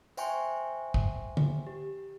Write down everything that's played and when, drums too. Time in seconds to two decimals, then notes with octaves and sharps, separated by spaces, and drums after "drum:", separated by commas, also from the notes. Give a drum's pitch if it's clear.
0.17 C5 E5 G5 G#5 C6 C#6, drum: tambourine
0.94 drum: kick
1.37 drum: tom
1.67 G4